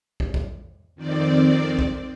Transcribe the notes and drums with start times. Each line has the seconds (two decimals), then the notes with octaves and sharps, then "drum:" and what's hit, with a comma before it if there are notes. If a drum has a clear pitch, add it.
0.20 drum: kick
0.34 drum: kick
0.95 F2 D#3 C4 D5
1.79 drum: kick